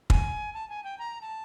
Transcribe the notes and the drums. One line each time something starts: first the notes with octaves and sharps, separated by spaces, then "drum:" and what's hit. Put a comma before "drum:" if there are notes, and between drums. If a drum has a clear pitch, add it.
G#5, drum: kick
A5
G#5
G5
A#5
A5